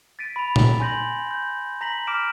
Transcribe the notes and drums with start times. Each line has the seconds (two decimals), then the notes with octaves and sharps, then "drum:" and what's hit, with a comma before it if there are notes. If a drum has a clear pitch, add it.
0.19 A6 B6 D7 D#7
0.36 B5 F7
0.56 drum: tom A#2
0.80 G#5 C6 G6 A#6 F#7
1.31 G6
1.81 A#5 A#6 B6 F#7
2.07 D6 F6 B6 D7 E7